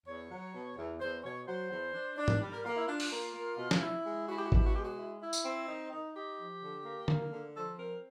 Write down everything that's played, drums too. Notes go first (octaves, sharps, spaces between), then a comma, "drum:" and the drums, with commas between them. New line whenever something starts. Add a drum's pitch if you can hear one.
E2 C#5
F#3
B2
E2
E2 C5
B2 C#5
F#3 C5
E2
D4
D4
drum: tom G#2
G3
A#4
A#3 F4
E4
D4 F4
drum: open hi-hat
A#3
A#3
B2
drum: snare
E4
G#3
E4 F#4
G4
F#4
B2 G4, drum: kick G#1
F#4
G#3 G4
F#4
E4
E4
drum: tambourine
C4
D#4
D#4
D#4 G4
F3
D3
A#3
A#3, drum: tom D3
D3
F3 A4
C4 A#4